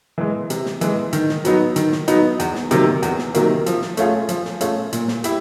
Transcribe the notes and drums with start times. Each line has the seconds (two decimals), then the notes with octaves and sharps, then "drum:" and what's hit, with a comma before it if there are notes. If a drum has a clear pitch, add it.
0.18 E3 G#3
0.50 C3, drum: hi-hat
0.66 drum: snare
0.81 E3 G#3, drum: hi-hat
1.13 D#3, drum: hi-hat
1.29 drum: snare
1.45 F#3 B3 D#4, drum: hi-hat
1.76 D#3, drum: hi-hat
1.92 drum: snare
2.08 F#3 B3 D#4, drum: hi-hat
2.40 E2, drum: hi-hat
2.55 drum: snare
2.71 C3 D#3 F#3 A#3, drum: hi-hat
3.03 E2, drum: hi-hat
3.18 drum: snare
3.34 C3 D#3 F#3 A#3, drum: hi-hat
3.66 F3, drum: hi-hat
3.82 drum: snare
3.97 A3 C#4 F4 G#4, drum: hi-hat
4.29 F3, drum: hi-hat
4.45 drum: snare
4.61 A3 C#4 F4 G#4, drum: hi-hat
4.93 A#2, drum: hi-hat
5.08 drum: snare
5.24 E4 G4, drum: hi-hat